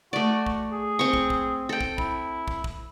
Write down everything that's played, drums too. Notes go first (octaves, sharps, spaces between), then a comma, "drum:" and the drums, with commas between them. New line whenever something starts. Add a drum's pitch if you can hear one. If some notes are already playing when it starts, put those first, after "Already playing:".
A3 F#4 D5
drum: kick
G#4
C4 C#6
drum: kick
drum: kick
A4 G5
drum: kick
E4, drum: kick
drum: kick
drum: kick